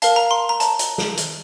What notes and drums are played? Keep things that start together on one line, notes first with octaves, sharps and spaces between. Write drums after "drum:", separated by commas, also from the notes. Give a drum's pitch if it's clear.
A#4 F5 A5, drum: hi-hat
A#5
C6
A#5
A5, drum: hi-hat
drum: hi-hat
drum: snare
drum: hi-hat